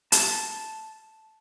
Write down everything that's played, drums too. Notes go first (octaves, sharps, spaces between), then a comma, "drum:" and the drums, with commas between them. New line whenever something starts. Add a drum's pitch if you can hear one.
A5, drum: hi-hat